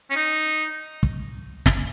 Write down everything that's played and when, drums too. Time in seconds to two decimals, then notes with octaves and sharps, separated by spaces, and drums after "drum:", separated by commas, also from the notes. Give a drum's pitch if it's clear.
0.10 C#4
0.16 D#4
1.03 drum: kick
1.66 drum: snare